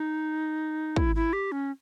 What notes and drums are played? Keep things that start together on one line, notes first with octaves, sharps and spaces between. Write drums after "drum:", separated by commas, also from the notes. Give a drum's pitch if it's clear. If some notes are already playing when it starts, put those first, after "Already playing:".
Already playing: D#4
E4, drum: kick
E4
G4
C#4